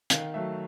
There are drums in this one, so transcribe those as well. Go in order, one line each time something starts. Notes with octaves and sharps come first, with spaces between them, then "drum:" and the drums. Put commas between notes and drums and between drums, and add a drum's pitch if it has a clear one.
D#3 F5, drum: hi-hat
F#3 A3 E5